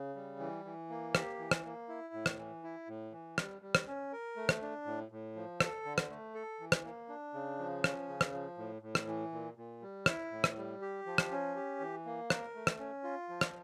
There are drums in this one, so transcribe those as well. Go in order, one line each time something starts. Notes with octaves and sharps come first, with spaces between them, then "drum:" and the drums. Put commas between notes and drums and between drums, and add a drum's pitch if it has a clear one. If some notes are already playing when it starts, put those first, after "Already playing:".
Already playing: C#3
G3
E3
E3
A#3
G4, drum: rim click
E3
drum: rim click
A#3
E4
A2
drum: rim click
E3
E4
A2
E3
G3, drum: rim click
G3
drum: rim click
C#4
A#4
A3
drum: rim click
D4
A2
A2
F3
A4, drum: rim click
D3
drum: rim click
A3
A4
E3
drum: rim click
A#3
D4
C#3
F3
C#4, drum: rim click
C#3
drum: rim click
F3
A2
A2
drum: rim click
E3
A#2
A#2
G3
E4, drum: rim click
A2
drum: rim click
G3
G4
F3
drum: rim click
C#4
G4
E3
A#3
A#4, drum: rim click
A3
drum: rim click
C#4
F4
F3
drum: rim click